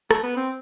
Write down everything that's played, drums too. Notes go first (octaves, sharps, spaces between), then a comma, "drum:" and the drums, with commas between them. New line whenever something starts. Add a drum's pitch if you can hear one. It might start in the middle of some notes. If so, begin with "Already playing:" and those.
A3, drum: rim click
B3
C4